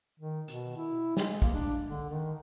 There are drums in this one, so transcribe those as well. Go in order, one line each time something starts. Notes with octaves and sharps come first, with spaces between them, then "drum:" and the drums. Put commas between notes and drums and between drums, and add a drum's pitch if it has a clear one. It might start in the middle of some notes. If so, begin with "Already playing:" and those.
D#3
B2, drum: hi-hat
E4
G#3, drum: snare
A#3, drum: kick
D4
D3
D#3